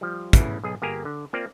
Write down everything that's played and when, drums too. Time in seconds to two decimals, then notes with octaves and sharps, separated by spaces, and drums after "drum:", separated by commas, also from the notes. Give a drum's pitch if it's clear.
0.01 F3 G3
0.33 E2 A2 C#3 E3, drum: kick, hi-hat
0.63 B1 G#4
0.82 G1 A#3 G4 G#4 G#5 A#5
1.05 D3
1.33 A#3 C4 F4 C5 D5 F5